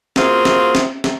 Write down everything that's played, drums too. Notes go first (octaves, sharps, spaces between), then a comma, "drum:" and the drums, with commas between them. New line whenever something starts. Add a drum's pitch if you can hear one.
A#3 C4 F4 F#4 G#4, drum: snare
drum: snare
drum: snare
drum: snare